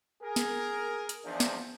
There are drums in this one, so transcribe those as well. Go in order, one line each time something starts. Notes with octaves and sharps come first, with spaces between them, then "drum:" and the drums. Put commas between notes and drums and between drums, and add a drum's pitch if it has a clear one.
G#4 A#4
drum: snare
drum: hi-hat
E2 F3 D4 D#4
drum: snare